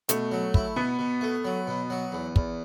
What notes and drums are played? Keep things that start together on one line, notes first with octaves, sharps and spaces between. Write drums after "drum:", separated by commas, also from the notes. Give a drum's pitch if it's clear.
B2 A3, drum: hi-hat
F#3
E4, drum: kick
B2 B3
B2
A3
F#3
B2
F#3
E2
E2, drum: kick